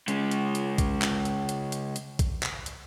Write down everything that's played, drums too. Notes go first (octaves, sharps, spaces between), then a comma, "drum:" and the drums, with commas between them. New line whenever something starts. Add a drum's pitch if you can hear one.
C#3 G#3, drum: hi-hat
drum: hi-hat
drum: hi-hat
drum: kick A#1, hi-hat
drum: clap
drum: hi-hat
drum: hi-hat
drum: hi-hat
drum: hi-hat
drum: kick A#1, hi-hat
drum: clap
drum: hi-hat